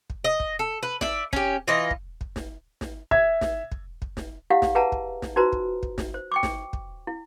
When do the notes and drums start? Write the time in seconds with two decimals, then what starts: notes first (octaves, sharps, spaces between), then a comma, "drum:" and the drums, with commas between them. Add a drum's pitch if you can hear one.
0.10 drum: kick
0.24 D#5
0.40 drum: kick
0.59 A4
0.83 B4
1.01 D5 E5, drum: snare
1.33 C#4 G4, drum: kick
1.68 E3 F4 D#5
1.91 drum: kick
2.21 drum: kick
2.36 drum: snare
2.81 drum: snare
3.11 E5 G#6, drum: kick
3.41 drum: snare
3.72 drum: kick
4.02 drum: kick
4.17 drum: snare
4.50 E4 G4 F5 F#5
4.62 drum: snare
4.75 G#4 B4 E5 F#5 A5 A#5
4.92 drum: kick
5.22 drum: snare
5.36 D#4 F4 F#4 B4 C5 A#5
5.53 drum: kick
5.83 drum: kick
5.98 drum: snare
6.14 C5
6.32 G5 C#6 D6
6.43 drum: snare
6.73 drum: kick
7.07 E4